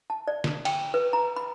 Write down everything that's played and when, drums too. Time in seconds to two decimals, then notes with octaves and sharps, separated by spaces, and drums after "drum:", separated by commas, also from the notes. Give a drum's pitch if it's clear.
0.10 A5
0.28 D5
0.44 drum: snare
0.65 G5, drum: cymbal
0.94 B4
1.13 A#5
1.36 B5